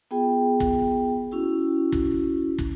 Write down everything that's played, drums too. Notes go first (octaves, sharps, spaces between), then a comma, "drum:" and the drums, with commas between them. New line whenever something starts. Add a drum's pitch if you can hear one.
B3 F4 G#4 G5
drum: kick
C#4 E4 F#4
drum: kick
drum: kick